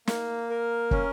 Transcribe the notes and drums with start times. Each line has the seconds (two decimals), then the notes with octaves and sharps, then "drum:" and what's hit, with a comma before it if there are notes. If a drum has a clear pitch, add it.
0.07 A#3, drum: snare
0.50 A#4
0.91 C#4, drum: kick